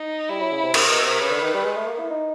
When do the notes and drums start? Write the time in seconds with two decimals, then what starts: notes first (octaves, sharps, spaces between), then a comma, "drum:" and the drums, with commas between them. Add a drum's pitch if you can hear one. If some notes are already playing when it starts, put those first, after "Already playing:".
Already playing: D#4
0.29 G3 E4
0.40 F#3
0.52 C#3
0.64 C3
0.74 C3 A#4, drum: cymbal
0.90 B2
1.05 C3
1.20 C#3 B4
1.31 D3
1.42 D#3
1.54 G3
1.65 G#3
1.76 A3
1.87 A#3
1.98 E4
2.10 D#4